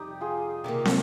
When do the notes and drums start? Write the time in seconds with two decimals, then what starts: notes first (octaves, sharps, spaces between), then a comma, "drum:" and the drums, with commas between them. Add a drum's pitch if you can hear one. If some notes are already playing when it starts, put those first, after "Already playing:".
Already playing: F2 C3 G3 D#4 G4
0.21 F4 G#4
0.64 C3 D#3 A#3 G4 A#4
0.85 drum: snare